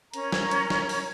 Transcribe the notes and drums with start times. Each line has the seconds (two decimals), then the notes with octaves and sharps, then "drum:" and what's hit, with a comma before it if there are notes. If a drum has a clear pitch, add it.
0.14 C#4 A#4 C#5 A#5, drum: hi-hat
0.32 drum: snare
0.51 drum: hi-hat
0.70 drum: snare
0.89 drum: open hi-hat